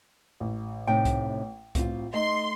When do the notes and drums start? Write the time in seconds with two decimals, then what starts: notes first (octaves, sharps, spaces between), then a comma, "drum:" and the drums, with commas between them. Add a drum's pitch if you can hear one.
0.40 A1
0.87 A2 C3 D#4 G5
1.05 drum: kick C2, hi-hat
1.75 A1 C4 F4, drum: kick C2, hi-hat
2.14 A3 D#4 D#5 C6